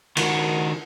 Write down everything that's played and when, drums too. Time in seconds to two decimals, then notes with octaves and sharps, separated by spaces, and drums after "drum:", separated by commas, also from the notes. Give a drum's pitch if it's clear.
0.17 D#3 F#4, drum: cymbal